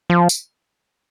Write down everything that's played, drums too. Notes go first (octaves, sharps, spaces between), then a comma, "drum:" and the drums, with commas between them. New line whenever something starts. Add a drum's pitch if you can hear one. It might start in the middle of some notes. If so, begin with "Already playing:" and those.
F3
drum: tambourine